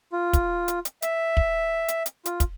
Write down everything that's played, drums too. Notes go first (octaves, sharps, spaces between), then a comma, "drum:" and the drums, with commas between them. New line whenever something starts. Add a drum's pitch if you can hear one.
F4
drum: kick, hi-hat
drum: hi-hat
drum: hi-hat
E5, drum: hi-hat
drum: kick
drum: hi-hat
drum: hi-hat
F4, drum: hi-hat
drum: kick, hi-hat